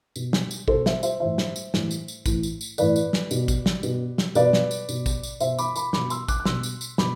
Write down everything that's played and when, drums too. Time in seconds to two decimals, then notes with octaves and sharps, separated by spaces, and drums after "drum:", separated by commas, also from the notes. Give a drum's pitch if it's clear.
0.16 B2, drum: tambourine
0.33 drum: snare
0.51 drum: tambourine
0.68 B2 A4 C5, drum: kick
0.86 C5 E5, drum: snare
1.03 C5 E5, drum: tambourine
1.20 A2 E3 C5 E5
1.38 drum: snare
1.56 drum: tambourine
1.74 A2 E3, drum: snare
1.91 drum: tambourine
2.08 drum: tambourine
2.26 A2 E3, drum: kick, tambourine
2.43 drum: tambourine
2.61 drum: tambourine
2.78 A2 E3 B4 D5, drum: tambourine
2.96 drum: tambourine
3.13 drum: snare
3.31 B2, drum: tambourine
3.48 drum: kick, tambourine
3.66 drum: snare
3.83 B2, drum: tambourine
4.18 drum: snare
4.35 B2 B4 D5, drum: tambourine
4.53 drum: snare
4.71 drum: tambourine
4.89 B2, drum: tambourine
5.06 drum: kick, tambourine
5.23 drum: tambourine
5.40 B2 C5 E5, drum: tambourine
5.59 B5 D6, drum: tambourine
5.76 B5 D6, drum: tambourine
5.93 B2 B5 D6, drum: snare
6.10 C6 E6, drum: tambourine
6.28 D6 F#6, drum: kick, tambourine
6.40 F#6
6.45 B2 C6 E6, drum: snare
6.63 drum: tambourine
6.81 drum: tambourine
6.98 B2 B5 D6, drum: snare